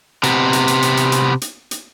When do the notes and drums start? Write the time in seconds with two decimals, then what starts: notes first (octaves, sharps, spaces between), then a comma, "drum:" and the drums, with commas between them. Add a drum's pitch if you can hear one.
0.23 C3 B3, drum: hi-hat
0.53 drum: hi-hat
0.68 drum: hi-hat
0.82 drum: hi-hat
0.97 drum: hi-hat
1.12 drum: hi-hat
1.42 drum: hi-hat
1.71 drum: hi-hat